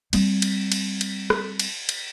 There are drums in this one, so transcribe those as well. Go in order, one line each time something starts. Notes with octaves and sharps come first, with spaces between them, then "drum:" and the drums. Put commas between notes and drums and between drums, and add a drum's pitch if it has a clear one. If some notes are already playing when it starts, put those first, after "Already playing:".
G3 C4, drum: cymbal
drum: cymbal
drum: cymbal
drum: cymbal
drum: rim click
drum: cymbal
drum: cymbal